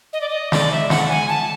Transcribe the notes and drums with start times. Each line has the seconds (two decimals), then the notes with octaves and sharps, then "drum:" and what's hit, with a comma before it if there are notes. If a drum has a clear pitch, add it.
0.13 D#5
0.21 D5
0.29 D#5
0.52 D5, drum: snare
0.72 E5
0.90 F#5, drum: snare
1.09 G#5
1.29 A5